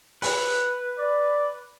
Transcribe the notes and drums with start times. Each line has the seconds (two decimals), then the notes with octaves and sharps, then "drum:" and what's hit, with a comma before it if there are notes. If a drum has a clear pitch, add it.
0.22 B4, drum: open hi-hat
0.98 D5